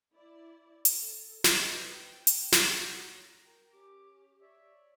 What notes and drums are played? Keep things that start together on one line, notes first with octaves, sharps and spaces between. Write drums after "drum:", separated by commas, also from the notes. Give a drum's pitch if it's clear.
E4 D5
A4, drum: hi-hat
B4 C5 D#5, drum: snare
G5
drum: hi-hat
F#4 C#5 A#5, drum: snare
A#4 G5
C#4 G4 D6
C#5 D5 E5